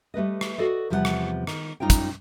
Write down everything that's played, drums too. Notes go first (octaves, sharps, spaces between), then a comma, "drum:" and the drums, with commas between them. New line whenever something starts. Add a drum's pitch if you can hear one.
G3 A3 B4 D#5
drum: rim click
F#4 A4 D5 D#5
E2 C3 F3 G3 B4 F#5
drum: rim click
D#3, drum: rim click
F#2 G3 D#4 F4 C#5 G5
drum: kick, hi-hat